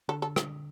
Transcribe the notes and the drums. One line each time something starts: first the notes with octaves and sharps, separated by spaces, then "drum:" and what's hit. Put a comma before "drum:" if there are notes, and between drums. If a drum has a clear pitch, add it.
D3 A4
A4
drum: rim click